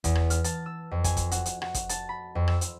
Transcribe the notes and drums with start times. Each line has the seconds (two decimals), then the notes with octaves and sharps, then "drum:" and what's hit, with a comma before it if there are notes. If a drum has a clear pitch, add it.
0.04 E2, drum: kick, hi-hat
0.15 drum: rim click
0.30 F6, drum: hi-hat
0.44 A5, drum: hi-hat
0.66 E6
0.91 F2
1.04 G#5, drum: kick, hi-hat
1.17 drum: kick, hi-hat
1.31 F#4, drum: hi-hat
1.46 drum: hi-hat
1.62 F#4, drum: rim click
1.74 drum: kick, hi-hat
1.89 A5, drum: hi-hat
2.09 B5
2.35 F2
2.48 E6, drum: rim click
2.61 drum: hi-hat